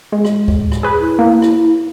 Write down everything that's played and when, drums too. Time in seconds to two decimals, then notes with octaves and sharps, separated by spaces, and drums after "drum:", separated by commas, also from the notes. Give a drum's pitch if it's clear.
0.12 G#3
0.25 drum: rim click
0.48 drum: kick D2
0.72 drum: rim click
0.83 G#4 B4
1.00 E4
1.19 A#3
1.42 drum: rim click